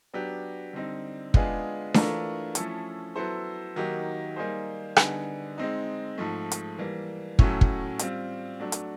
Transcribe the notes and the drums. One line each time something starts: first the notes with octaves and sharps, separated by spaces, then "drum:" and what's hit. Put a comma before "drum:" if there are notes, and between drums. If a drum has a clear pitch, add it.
F#3 B3 D4 G4
D3 G3 C4 D#4
G#3 B3 D4 F4 G#4, drum: kick
E3 A3 D4 F4 A#4, drum: snare D4
F3 A3 C#4 E4 A4, drum: hi-hat
F#3 B3 E4 A4 C5
D#3 F#3 A#3 D#4 G4
G3 A#3 D#4 G#4 C5
D3 G3 B3 D#4 G#4, drum: rim click
G#3 C4 D#4
G#2 F3 A3
drum: hi-hat
E3 G3 A#3
A2 F#3 A3 C#4 E4, drum: kick
drum: kick
G3 C4 F4, drum: hi-hat
F#3 A3 D4
drum: hi-hat